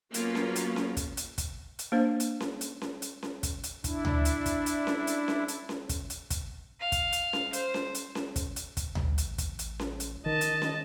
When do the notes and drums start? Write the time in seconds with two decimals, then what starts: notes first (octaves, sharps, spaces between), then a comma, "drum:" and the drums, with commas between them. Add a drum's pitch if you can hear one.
0.14 F#3 A#3 B3 C#4 F4, drum: hi-hat
0.35 drum: snare C#4
0.56 drum: hi-hat
0.76 drum: snare C#4
0.97 drum: kick, hi-hat
1.17 drum: hi-hat
1.38 drum: kick, hi-hat
1.79 drum: hi-hat
1.92 A#3 D4 C5
2.20 drum: hi-hat
2.40 drum: snare C#4
2.61 drum: hi-hat
2.82 drum: snare C#4
3.02 drum: hi-hat
3.23 drum: snare C#4
3.43 drum: kick, hi-hat
3.64 drum: hi-hat
3.84 D4 E4, drum: kick, hi-hat
4.05 drum: tom D2
4.25 drum: hi-hat
4.46 drum: kick, hi-hat
4.66 drum: hi-hat
4.87 drum: snare C#4
5.07 drum: hi-hat
5.28 drum: snare C#4
5.48 drum: hi-hat
5.69 drum: snare C#4
5.89 drum: kick, hi-hat
6.10 drum: hi-hat
6.30 drum: kick, hi-hat
6.80 F5
6.92 drum: kick, hi-hat
7.13 drum: hi-hat
7.33 drum: snare C#4
7.53 C5, drum: hi-hat
7.74 drum: snare C#4
7.95 drum: hi-hat
8.15 drum: snare C#4
8.36 drum: kick, hi-hat
8.56 drum: hi-hat
8.77 drum: kick, hi-hat
8.95 A1, drum: tom D2
9.18 drum: hi-hat
9.38 drum: kick, hi-hat
9.59 drum: hi-hat
9.79 drum: snare C#4
10.00 drum: hi-hat
10.26 D#3 D#5 A5
10.41 drum: hi-hat
10.62 drum: snare C#4